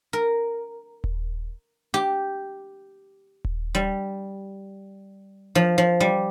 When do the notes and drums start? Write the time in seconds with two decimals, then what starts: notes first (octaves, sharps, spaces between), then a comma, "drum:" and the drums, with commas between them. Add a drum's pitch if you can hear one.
0.13 A#4
1.04 drum: kick D#1
1.94 G4
3.44 drum: kick D#1
3.75 G3
5.55 F3
5.78 F3
6.00 G3